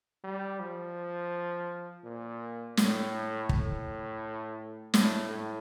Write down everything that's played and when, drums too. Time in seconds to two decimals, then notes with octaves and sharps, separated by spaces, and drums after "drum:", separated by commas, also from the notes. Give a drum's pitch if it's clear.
0.24 G3
0.60 F3
2.04 A#2
2.77 A2, drum: snare
3.49 A2, drum: kick
4.94 A2, drum: snare
5.30 A2